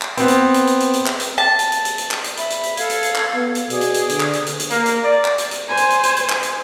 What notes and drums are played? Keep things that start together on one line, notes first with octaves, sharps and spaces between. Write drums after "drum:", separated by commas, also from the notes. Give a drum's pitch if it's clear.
drum: clap
B3 C4, drum: hi-hat
drum: hi-hat
drum: hi-hat
drum: hi-hat
drum: hi-hat
drum: hi-hat
drum: clap
drum: hi-hat
A5
drum: hi-hat
drum: hi-hat
drum: hi-hat
drum: hi-hat
drum: clap
drum: hi-hat
E5 B5, drum: hi-hat
drum: hi-hat
drum: hi-hat
A4 F5 G#6, drum: hi-hat
drum: hi-hat
drum: hi-hat
drum: clap
B3
drum: hi-hat
B2 G#4 D5, drum: hi-hat
drum: hi-hat
drum: hi-hat
D3, drum: hi-hat
drum: clap
drum: hi-hat
drum: hi-hat
drum: hi-hat
A#3, drum: hi-hat
drum: hi-hat
D5
drum: clap
drum: hi-hat
drum: hi-hat
C5 G#5
drum: hi-hat
drum: hi-hat
drum: hi-hat
drum: hi-hat
drum: clap
drum: hi-hat